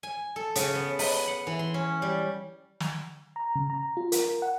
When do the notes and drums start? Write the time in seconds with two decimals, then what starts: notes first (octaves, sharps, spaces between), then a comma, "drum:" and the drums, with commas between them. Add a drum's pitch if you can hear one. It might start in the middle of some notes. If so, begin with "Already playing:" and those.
0.03 G#5
0.36 A4
0.55 C#3, drum: hi-hat
0.75 B3
0.99 B4, drum: open hi-hat
1.27 F#5
1.47 E3
1.59 C6
1.74 C#4
2.02 G3
2.80 drum: snare
3.36 A#5
3.56 C#3
3.70 A#5
3.97 F4
4.12 A#4, drum: hi-hat
4.42 F#5